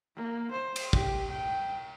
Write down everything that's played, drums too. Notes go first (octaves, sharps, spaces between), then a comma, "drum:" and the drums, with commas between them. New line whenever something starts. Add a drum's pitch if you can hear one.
A#3
C5
drum: cymbal
G4, drum: kick
G5